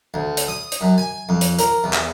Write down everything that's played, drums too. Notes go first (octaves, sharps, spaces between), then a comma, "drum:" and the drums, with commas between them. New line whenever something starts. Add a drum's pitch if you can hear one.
D2
drum: hi-hat
D#6
drum: hi-hat
F#2
G#5
F2
drum: hi-hat
A#4, drum: hi-hat
E2
drum: clap